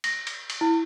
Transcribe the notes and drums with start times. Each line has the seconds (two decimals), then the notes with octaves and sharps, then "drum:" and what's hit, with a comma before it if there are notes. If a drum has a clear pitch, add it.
0.04 A#6, drum: cymbal
0.27 drum: cymbal
0.50 drum: cymbal
0.61 E4